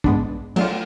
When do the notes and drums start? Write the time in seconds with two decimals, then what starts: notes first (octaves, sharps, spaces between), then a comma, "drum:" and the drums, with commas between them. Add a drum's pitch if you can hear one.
0.04 G#2 G#3 B3 D4, drum: kick
0.56 F#3 A3 D4 F4, drum: cymbal